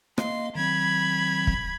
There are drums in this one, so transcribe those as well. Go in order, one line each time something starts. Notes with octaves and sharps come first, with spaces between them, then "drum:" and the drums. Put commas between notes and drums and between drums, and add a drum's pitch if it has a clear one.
A#3 D#5 F5 C6, drum: rim click
D#3 F#3 C4 B5 G#6
drum: kick